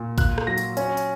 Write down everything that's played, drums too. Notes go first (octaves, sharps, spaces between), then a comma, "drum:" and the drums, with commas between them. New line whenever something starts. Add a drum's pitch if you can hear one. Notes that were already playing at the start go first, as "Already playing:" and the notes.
Already playing: A#2
F4 F#6, drum: kick A1, hi-hat
drum: rim click
F#3 A#6
drum: hi-hat
C#4, drum: hi-hat
drum: hi-hat